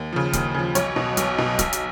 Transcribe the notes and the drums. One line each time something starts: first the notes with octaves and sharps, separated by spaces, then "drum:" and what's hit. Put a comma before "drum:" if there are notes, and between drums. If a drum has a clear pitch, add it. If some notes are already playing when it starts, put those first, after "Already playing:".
Already playing: D#2
C#3 F3
D#2, drum: kick D1, hi-hat
C#3 F3
B1 C#5, drum: hi-hat
B2
B1, drum: hi-hat
B2
B1, drum: kick D1, hi-hat
drum: hi-hat